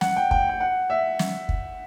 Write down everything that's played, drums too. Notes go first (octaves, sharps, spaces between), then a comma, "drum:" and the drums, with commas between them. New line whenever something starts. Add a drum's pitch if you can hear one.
F#5, drum: snare
G5
G5, drum: kick
G5
F#5
E5
drum: snare
drum: kick